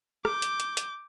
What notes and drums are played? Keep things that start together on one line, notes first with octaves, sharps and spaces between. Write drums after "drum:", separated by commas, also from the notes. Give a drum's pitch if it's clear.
D6 G6, drum: rim click
drum: hi-hat
drum: hi-hat
drum: hi-hat